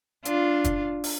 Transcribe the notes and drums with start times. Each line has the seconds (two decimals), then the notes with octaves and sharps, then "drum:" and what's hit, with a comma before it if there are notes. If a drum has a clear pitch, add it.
0.25 D4 F4, drum: hi-hat
0.64 drum: kick, hi-hat
1.04 drum: open hi-hat